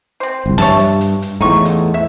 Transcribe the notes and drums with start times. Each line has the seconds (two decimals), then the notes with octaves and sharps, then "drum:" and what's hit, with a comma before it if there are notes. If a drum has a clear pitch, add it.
0.20 C4 C5
0.46 G1 C2
0.58 G2 C#5 E5 A5, drum: snare
0.79 drum: hi-hat
1.01 drum: hi-hat
1.22 drum: hi-hat
1.41 E2 A2 D#4 F4 C#6
1.65 drum: hi-hat
1.94 E5